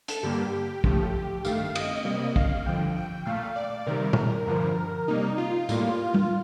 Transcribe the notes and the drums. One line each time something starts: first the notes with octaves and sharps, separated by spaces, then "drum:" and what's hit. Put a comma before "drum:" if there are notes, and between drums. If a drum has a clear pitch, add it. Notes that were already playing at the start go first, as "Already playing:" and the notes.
A4, drum: hi-hat
G2 D3 G3 A#3 G4
A2 F3 A3, drum: kick
G2 D#3 A3 F5, drum: tambourine
D#5, drum: cymbal
C3 G3 A#3 D#5
F5, drum: kick
G2 D3 F3 G5
G5
A#2 A3 F5
D5
C3 D#3 G3 A#4
drum: tom A#2
G2 D3 F3
C3 G3 A#3 D#4
F4
A2 G3 A#3, drum: tambourine
drum: tom G3